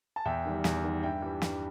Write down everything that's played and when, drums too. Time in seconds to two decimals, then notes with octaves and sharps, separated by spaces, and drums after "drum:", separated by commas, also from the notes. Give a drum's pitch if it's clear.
0.16 A5
0.25 E2 E5 G5
0.45 D#3 G3
0.64 E2, drum: snare
0.83 D#3 G3
1.03 G2 E5 G5
1.22 E3 G3
1.42 G2, drum: snare